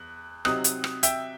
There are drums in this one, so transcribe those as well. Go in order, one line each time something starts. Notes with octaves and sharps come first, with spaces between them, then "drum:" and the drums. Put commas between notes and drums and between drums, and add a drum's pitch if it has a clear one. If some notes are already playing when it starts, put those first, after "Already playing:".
Already playing: E2 F#6
C3 F#3 C4 D#4 D#6 F#6, drum: rim click
drum: hi-hat
drum: rim click
E5 G5, drum: hi-hat